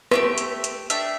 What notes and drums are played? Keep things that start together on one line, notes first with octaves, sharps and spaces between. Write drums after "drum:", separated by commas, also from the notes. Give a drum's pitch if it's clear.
A3 D4 G4 E5, drum: rim click
drum: hi-hat
drum: hi-hat
A3 D4 G4 E5, drum: hi-hat